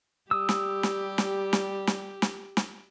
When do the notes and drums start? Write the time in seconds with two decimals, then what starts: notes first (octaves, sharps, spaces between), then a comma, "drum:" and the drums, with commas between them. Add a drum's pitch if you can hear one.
0.31 G3 G4 D#6 E6
0.49 drum: snare
0.83 drum: snare
1.18 drum: snare
1.53 drum: snare
1.87 drum: snare
2.22 drum: snare
2.57 drum: snare